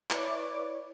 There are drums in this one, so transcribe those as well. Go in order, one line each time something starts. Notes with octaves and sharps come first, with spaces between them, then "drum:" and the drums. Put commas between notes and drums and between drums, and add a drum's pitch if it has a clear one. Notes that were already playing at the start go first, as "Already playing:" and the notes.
E4 B4 C#5 D5 D6, drum: clap